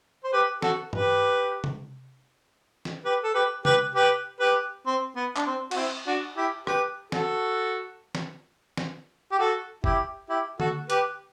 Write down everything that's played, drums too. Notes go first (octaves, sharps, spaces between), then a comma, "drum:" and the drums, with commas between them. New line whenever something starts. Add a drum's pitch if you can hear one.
C5
G4 B4
F#4 A4, drum: snare
G4 B4, drum: tom G2
drum: tom C3
drum: snare
G4 B4
A4
G4 B4
G4 B4, drum: tom C3
G4 B4
G4 B4
C4
B3
D4, drum: clap
C4
F#4, drum: cymbal
C4 E4
D4 F#4
E4 G4
G4 B4, drum: rim click
F#4 A4, drum: snare
drum: snare
drum: snare
G4
F#4 A4
E4 G4, drum: kick
E4 G4
F#4 A4, drum: tom D3
G4 B4, drum: hi-hat